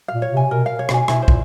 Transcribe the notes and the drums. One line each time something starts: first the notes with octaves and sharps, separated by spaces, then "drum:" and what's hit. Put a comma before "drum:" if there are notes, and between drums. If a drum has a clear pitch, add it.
A#2 F5
C#5
C3 G#5
B2 A#4
F5
C#5
B2, drum: rim click
G#5
B2 E4, drum: rim click
C5
A#2, drum: kick